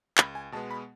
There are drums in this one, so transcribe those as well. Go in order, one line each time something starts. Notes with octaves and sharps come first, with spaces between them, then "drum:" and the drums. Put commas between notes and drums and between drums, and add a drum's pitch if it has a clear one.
C#2 B5, drum: clap
G#5
B2 G#3 B3 A5
B5